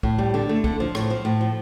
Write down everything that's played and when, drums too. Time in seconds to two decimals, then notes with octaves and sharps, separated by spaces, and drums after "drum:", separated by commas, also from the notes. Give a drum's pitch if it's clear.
0.03 A2, drum: kick
0.18 G3
0.34 D3
0.49 A3
0.64 D3, drum: kick
0.80 F3
0.95 A2, drum: rim click
1.10 F3
1.25 A2
1.41 F3